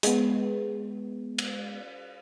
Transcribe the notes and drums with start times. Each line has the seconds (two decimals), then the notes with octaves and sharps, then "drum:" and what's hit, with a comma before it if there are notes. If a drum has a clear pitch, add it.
0.03 G#3 B3, drum: hi-hat
1.38 drum: cymbal